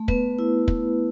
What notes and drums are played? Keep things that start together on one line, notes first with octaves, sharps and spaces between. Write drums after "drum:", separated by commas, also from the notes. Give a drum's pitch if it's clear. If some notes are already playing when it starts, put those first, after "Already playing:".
Already playing: A3
B3 B4, drum: kick
E4
drum: kick